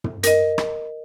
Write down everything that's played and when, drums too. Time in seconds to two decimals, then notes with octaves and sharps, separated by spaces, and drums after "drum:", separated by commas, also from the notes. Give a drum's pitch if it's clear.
0.04 drum: tom
0.23 A#4 D#5, drum: hi-hat
0.58 drum: rim click